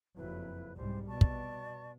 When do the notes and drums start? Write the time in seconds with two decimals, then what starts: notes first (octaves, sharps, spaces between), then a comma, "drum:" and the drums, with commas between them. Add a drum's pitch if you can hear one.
0.16 F#1 F2 F#3 E4 B4
0.76 C2 G#2 G3 C5
1.08 B2 D5 A5 C#6
1.21 drum: kick